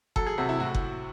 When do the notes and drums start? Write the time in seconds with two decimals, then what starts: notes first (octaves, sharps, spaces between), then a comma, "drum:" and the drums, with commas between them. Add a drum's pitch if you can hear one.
0.16 F#3 A4, drum: kick F#1
0.27 G#4
0.38 C3 F#4
0.49 E4
0.60 A2 F#4
0.75 drum: kick F#1